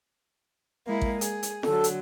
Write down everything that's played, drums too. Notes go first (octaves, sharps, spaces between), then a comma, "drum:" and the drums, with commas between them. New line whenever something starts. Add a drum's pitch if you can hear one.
G#3 A#3 E4
drum: kick A1
G#4, drum: hi-hat
drum: hi-hat
D3 F#3 A4, drum: snare
drum: hi-hat